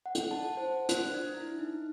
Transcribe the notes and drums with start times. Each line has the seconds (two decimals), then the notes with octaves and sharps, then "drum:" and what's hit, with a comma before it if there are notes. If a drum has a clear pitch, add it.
0.06 F#5
0.15 drum: hi-hat
0.31 A5
0.57 C5
0.89 F#6, drum: hi-hat
1.14 D4
1.34 E4
1.59 D#4